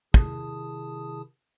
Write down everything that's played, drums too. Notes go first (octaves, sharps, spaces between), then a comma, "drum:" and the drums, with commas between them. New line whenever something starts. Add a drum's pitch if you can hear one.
C3 D#3 E4 G#4 A5 D#6, drum: kick